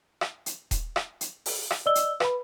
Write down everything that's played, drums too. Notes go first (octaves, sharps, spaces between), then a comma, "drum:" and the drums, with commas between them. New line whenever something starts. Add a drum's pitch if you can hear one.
drum: rim click
drum: hi-hat
drum: kick D#1, hi-hat
drum: rim click
drum: hi-hat
drum: open hi-hat
drum: rim click
D5 D#5 E6 G7
drum: hi-hat
B4 B5, drum: rim click